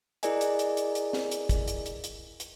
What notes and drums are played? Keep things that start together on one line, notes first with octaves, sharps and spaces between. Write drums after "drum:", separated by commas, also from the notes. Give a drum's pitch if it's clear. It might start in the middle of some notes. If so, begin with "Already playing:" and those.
E4 G#4 A#4 D5 D#5 G#5, drum: hi-hat
drum: hi-hat
drum: hi-hat
drum: hi-hat
drum: hi-hat
drum: snare
drum: hi-hat
drum: kick, hi-hat
drum: hi-hat
drum: hi-hat
drum: hi-hat
drum: hi-hat